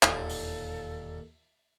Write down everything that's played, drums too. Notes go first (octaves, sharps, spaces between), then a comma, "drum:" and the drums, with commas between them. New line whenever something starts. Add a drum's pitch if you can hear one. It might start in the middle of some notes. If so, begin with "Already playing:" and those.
E1 D#2 A#2 A4, drum: clap
drum: open hi-hat